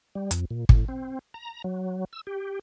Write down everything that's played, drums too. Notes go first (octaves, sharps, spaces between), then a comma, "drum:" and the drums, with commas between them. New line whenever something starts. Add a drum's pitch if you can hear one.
G3
F2, drum: hi-hat
A#2
A2, drum: kick
C4
A#5
F#3
E6
G4